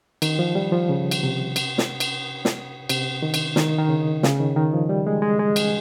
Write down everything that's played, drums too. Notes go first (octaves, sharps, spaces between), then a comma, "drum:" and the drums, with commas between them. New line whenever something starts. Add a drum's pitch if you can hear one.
D#3, drum: cymbal
F3
G3
F3
C#3
drum: cymbal
C3
drum: cymbal
drum: snare
drum: cymbal
drum: snare
C3, drum: cymbal
D#3
drum: cymbal
D#3, drum: snare
D#3
C#3
C#3, drum: snare
D#3
D#3
F3
G3
G#3
G#3
G#3
drum: cymbal